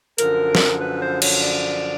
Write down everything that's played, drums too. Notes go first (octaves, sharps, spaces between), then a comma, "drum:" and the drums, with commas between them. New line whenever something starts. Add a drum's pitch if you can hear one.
F#2 D3 F3 A#4, drum: hi-hat
drum: snare
B4
C5
C#5, drum: cymbal
D5